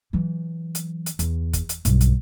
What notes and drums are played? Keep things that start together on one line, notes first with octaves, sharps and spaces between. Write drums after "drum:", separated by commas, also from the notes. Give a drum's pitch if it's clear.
E3 F#3
drum: hi-hat
drum: hi-hat
E2, drum: hi-hat
drum: kick, hi-hat
drum: hi-hat
B1 G2, drum: hi-hat
drum: hi-hat